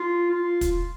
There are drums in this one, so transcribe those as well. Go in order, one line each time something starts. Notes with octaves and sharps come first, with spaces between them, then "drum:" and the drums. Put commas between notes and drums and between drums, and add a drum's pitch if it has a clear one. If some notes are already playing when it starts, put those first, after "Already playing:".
Already playing: F4
F4
drum: kick, hi-hat